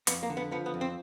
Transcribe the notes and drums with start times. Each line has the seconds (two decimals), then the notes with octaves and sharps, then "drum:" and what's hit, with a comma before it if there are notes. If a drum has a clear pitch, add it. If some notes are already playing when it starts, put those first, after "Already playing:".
0.07 F2 B3, drum: hi-hat
0.23 A#3
0.30 D3
0.37 B3
0.51 F3 B3
0.66 B3
0.74 F2
0.81 C4